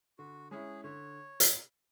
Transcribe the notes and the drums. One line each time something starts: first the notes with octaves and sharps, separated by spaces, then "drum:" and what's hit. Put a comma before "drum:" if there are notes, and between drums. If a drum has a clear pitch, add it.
D3 F#4
G#3 C#4 E4 G#4
D3 C#5
drum: hi-hat